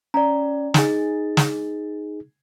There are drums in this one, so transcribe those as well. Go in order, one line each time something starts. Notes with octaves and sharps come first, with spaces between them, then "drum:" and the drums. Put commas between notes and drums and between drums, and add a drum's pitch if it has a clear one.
C#4 D5 A#5
D#4 G#4 G#5 A6, drum: snare
drum: snare